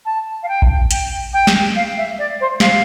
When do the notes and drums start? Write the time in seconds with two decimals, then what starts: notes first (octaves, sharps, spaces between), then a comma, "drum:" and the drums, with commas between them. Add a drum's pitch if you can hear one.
0.05 A5
0.42 F5
0.48 G5
0.62 drum: kick A1
0.91 G5, drum: hi-hat
1.33 G5
1.47 drum: snare
1.75 F5
1.97 E5
2.18 D5
2.40 C5
2.60 F5, drum: snare